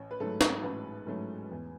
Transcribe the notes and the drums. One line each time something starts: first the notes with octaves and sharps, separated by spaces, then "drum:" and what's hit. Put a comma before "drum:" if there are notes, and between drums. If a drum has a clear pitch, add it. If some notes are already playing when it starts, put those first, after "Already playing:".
Already playing: A1 C#5
B4
G#2 F#3 A3 A4
drum: snare
A1 B4
G#2 F#3 A3
E2